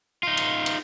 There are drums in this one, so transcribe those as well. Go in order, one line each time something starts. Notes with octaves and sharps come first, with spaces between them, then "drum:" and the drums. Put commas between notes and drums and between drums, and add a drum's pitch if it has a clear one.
D#4 F4
drum: cymbal
drum: cymbal